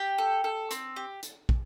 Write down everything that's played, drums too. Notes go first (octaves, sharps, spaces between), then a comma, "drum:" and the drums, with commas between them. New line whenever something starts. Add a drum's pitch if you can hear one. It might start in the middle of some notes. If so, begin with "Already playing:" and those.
Already playing: G4 G5
A4
A4
C4, drum: hi-hat
G4
drum: hi-hat
drum: kick